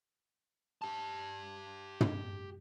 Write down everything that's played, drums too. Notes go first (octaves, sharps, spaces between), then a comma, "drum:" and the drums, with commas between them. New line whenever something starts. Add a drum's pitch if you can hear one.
G4 A5
drum: tom